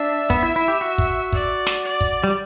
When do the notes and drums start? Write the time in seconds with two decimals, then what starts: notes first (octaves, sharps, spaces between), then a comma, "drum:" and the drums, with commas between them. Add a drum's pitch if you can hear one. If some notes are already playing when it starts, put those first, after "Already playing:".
Already playing: D4 E5
0.30 B3, drum: kick
0.43 E4
0.56 E4
0.68 G4
0.81 F#4
0.98 drum: kick
1.33 D5, drum: kick
1.67 drum: snare
1.84 D5
2.01 drum: kick
2.24 G3